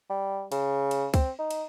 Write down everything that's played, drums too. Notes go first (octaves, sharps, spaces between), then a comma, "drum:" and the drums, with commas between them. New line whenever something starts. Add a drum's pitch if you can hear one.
G3
C#3, drum: cymbal
drum: cymbal
C4, drum: kick C#2, cymbal
D#4
drum: cymbal